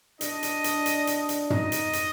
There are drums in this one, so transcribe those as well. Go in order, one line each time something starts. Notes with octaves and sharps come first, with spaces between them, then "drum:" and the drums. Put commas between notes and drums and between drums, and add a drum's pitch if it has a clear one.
D4 D#5, drum: hi-hat
drum: hi-hat
drum: hi-hat
drum: hi-hat
drum: hi-hat
drum: hi-hat
D#4 D#5, drum: tom
drum: hi-hat
drum: hi-hat